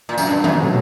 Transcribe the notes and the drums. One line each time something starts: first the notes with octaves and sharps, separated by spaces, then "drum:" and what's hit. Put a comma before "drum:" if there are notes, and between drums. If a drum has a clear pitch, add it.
A#2
F#2, drum: tambourine
G2
F#2, drum: tom
B2 F#3 A3 C#4 F#4